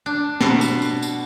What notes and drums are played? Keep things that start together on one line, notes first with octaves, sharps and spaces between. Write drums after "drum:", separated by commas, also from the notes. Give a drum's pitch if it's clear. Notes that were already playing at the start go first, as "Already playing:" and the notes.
D4
B2, drum: snare
drum: tambourine
drum: tambourine
drum: tambourine